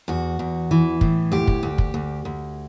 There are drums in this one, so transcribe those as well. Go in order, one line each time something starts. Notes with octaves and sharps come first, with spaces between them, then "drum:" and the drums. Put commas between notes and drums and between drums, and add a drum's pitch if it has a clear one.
E2 F#4
E2
E3
A2, drum: kick
D2 G4
drum: kick
D2
drum: kick
D2
D2